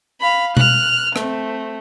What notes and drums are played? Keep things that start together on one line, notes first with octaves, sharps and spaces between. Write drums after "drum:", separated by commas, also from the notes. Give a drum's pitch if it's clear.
F5 B5
F6 F#6, drum: tom B2
A3 C4, drum: rim click